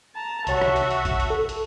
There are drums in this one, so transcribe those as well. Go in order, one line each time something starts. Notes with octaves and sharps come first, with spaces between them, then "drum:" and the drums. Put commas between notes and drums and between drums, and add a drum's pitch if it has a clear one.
A5 A#5
C2 F#4 C#5 E5 A5, drum: hi-hat
drum: rim click
drum: hi-hat
drum: hi-hat
drum: kick A#1, hi-hat
drum: hi-hat
A4
drum: hi-hat